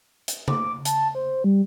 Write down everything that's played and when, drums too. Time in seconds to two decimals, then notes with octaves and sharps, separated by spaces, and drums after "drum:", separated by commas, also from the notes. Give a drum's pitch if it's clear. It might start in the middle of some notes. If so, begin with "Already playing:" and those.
0.28 drum: hi-hat
0.48 D6, drum: tom C#3
0.85 A5, drum: hi-hat
1.15 C5
1.44 G3